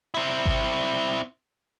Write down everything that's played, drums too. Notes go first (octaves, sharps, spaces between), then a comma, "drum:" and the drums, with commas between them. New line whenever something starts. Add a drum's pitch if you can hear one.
C4 E4
drum: kick G#1